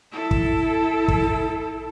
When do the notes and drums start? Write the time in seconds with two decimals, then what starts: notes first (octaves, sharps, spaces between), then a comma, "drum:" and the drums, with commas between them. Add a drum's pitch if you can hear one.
0.11 E4 A4
0.31 drum: kick
1.08 drum: kick